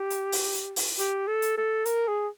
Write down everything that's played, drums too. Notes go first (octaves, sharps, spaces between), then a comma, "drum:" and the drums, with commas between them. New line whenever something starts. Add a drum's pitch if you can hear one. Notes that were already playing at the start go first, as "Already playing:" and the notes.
Already playing: G4
drum: hi-hat
drum: open hi-hat
drum: hi-hat
drum: open hi-hat
G4, drum: hi-hat
A4
drum: hi-hat
A4
A#4, drum: hi-hat
G#4